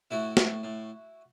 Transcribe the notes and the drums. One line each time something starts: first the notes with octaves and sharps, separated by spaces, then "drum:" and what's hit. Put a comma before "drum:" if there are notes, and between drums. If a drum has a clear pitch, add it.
A2 E4 F#4
A2, drum: snare
A2